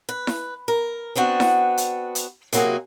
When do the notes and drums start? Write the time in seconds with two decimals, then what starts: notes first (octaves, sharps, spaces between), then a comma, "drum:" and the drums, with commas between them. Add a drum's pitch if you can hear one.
0.09 B4
0.27 drum: snare E4
0.68 A#4
1.16 B3 C4 D4 F#4
1.40 drum: snare E4
1.77 drum: hi-hat
2.15 drum: hi-hat
2.53 C3 F#3 A#3 E4 F#4 G#4, drum: hi-hat